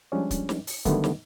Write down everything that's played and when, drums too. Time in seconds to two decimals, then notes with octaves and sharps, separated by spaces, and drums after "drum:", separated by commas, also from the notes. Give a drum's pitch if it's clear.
0.12 F3 G3 G#3 C#4 D4
0.31 drum: kick, hi-hat
0.49 drum: snare
0.67 drum: open hi-hat
0.85 D3 D#3 F#3 G3 A3 B3, drum: kick, hi-hat
1.04 drum: snare